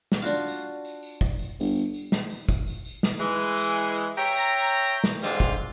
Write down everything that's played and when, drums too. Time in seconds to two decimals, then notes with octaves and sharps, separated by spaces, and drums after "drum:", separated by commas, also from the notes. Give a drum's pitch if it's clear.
0.12 drum: snare
0.22 D4 F4 F#4 F5
0.48 drum: tambourine
0.85 drum: tambourine
1.03 drum: tambourine
1.21 drum: kick, tambourine
1.39 drum: tambourine
1.60 G1, drum: tambourine
1.76 drum: tambourine
1.94 drum: tambourine
2.12 drum: snare
2.30 drum: tambourine
2.49 drum: kick, tambourine
2.67 drum: tambourine
2.85 drum: tambourine
3.03 drum: snare
3.19 E3 G#3, drum: tambourine
3.40 drum: tambourine
3.58 drum: tambourine
3.76 drum: tambourine
3.94 drum: tambourine
4.17 C#5 E5 G5 A#5
4.31 drum: tambourine
4.49 drum: tambourine
4.67 drum: tambourine
4.85 drum: tambourine
5.04 drum: snare
5.22 G2 D3 G3 G#3 C4 F4, drum: tambourine
5.40 drum: kick, tambourine